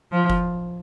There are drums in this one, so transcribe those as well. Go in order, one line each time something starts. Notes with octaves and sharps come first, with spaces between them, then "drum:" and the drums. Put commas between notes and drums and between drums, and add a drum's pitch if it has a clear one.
F3
drum: kick F#1